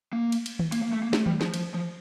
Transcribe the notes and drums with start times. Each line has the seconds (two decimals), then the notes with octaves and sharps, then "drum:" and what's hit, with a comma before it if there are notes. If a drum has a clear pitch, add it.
0.13 A#3
0.32 drum: cymbal
0.46 drum: cymbal
0.59 drum: tom D#3
0.72 A#3, drum: cymbal
0.82 A#3
0.93 A3
1.03 A#3
1.13 A3, drum: snare
1.26 G3, drum: tom D#3
1.41 F3, drum: snare
1.54 F3, drum: cymbal
1.74 F3